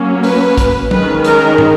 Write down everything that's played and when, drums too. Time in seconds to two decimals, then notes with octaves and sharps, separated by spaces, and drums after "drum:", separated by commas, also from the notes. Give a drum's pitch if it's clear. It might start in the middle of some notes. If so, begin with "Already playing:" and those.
Already playing: F#3 A#3 C#4
0.23 B4, drum: open hi-hat
0.58 drum: kick, hi-hat
0.91 D#3 G#3 C#4 B4, drum: tom
1.24 A#4, drum: hi-hat
1.58 drum: tom